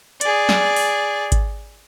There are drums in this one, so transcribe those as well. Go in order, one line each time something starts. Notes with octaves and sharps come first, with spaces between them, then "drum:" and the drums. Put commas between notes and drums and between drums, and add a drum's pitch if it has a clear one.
G#4 D5, drum: hi-hat
drum: snare
drum: open hi-hat
drum: kick G#1, hi-hat